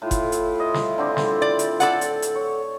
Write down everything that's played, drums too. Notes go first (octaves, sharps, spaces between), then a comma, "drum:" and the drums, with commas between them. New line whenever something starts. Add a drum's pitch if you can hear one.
A2 E4 F4
drum: kick F#1, hi-hat
drum: hi-hat
D#5
drum: snare
D3 C4 D6
drum: snare
D5
drum: hi-hat
A4 D5 F#5, drum: hi-hat
drum: hi-hat
drum: hi-hat
C#5